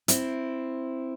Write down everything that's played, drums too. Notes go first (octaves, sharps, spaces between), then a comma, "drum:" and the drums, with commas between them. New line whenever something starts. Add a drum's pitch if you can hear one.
C4 E4, drum: hi-hat